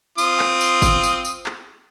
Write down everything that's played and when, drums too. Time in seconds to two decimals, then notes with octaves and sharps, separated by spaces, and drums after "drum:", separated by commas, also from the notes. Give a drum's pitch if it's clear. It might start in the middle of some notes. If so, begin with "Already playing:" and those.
0.18 C4 F4 D#6, drum: tambourine
0.39 drum: clap
0.61 drum: tambourine
0.82 drum: kick, tambourine
1.03 drum: tambourine
1.25 drum: tambourine
1.46 drum: clap